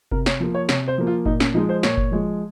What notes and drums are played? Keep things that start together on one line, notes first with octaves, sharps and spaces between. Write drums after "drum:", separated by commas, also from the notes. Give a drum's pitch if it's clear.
C3 A#4, drum: kick F#1
C#5, drum: snare
F3 A#3
C#5
C3 C#5, drum: snare
C5
F3 A#3
F4
A#2 D#4, drum: kick F#1
C#4, drum: snare
F3 G#3 D#4
C5
A#2 C#5, drum: snare
drum: kick F#1
F3 G#3